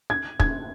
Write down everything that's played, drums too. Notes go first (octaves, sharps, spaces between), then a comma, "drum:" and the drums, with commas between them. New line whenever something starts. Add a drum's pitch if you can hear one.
G#6
G#6, drum: kick